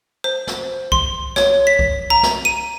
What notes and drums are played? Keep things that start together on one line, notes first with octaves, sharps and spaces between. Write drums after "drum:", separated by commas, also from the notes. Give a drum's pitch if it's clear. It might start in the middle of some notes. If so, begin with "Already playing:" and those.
C5
drum: snare
C6, drum: kick C2
C#5, drum: snare
B6
drum: kick C2
A#5
drum: snare
D#7